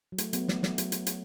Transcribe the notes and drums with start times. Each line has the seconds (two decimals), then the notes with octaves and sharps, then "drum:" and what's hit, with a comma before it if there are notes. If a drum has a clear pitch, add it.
0.12 F#3
0.18 A3, drum: hi-hat
0.33 F#3 B3, drum: hi-hat
0.48 A3, drum: snare
0.63 F#3, drum: snare
0.78 F#3, drum: hi-hat
0.92 drum: hi-hat
1.07 drum: hi-hat